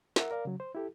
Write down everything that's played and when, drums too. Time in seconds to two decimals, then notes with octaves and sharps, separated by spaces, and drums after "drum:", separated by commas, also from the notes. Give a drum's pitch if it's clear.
0.16 A#4 E5 F#5, drum: snare
0.31 A#4 D5 F5
0.45 C#3 F#3
0.60 C5
0.75 E4 G4 A4